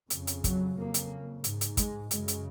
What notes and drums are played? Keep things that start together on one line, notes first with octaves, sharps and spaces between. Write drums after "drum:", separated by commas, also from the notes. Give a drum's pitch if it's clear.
F2 C#3, drum: hi-hat
drum: hi-hat
F#3, drum: kick, hi-hat
F2 C#3 A#3
drum: hi-hat
G#2, drum: hi-hat
drum: hi-hat
G#3, drum: kick, hi-hat
F#2 C#3 G#3, drum: hi-hat
drum: hi-hat